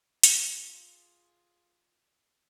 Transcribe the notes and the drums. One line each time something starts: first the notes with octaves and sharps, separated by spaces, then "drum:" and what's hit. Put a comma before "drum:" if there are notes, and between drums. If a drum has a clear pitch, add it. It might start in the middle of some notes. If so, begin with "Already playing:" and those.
F4 G#4, drum: hi-hat